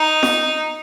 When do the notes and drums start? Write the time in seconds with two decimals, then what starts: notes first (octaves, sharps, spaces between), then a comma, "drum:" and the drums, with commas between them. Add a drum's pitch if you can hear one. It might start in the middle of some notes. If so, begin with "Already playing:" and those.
Already playing: D#4
0.23 drum: snare